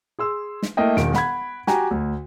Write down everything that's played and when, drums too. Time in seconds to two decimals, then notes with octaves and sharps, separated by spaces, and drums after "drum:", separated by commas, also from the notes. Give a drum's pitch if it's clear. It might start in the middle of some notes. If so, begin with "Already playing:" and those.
0.19 G#4 C6 E6
0.63 drum: snare
0.77 A3 A#3 E4 D#5 G5
0.97 E1 D#3 D7, drum: snare
1.14 F#5 B5 G#6, drum: snare
1.67 F#4 G4 G#5 A#5, drum: snare
1.91 D2